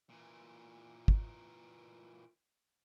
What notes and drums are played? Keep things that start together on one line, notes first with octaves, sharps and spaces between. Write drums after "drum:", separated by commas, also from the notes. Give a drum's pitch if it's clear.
A#2 E3
drum: kick